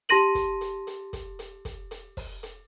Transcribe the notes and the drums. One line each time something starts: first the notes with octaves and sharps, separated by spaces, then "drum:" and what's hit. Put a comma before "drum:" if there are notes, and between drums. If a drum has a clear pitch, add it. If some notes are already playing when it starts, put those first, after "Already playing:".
G4 A5 C6 A#6 D#7 F#7, drum: hi-hat
drum: kick, hi-hat
drum: hi-hat
drum: hi-hat
drum: kick, hi-hat
drum: hi-hat
drum: kick, hi-hat
drum: hi-hat
drum: kick, open hi-hat
drum: hi-hat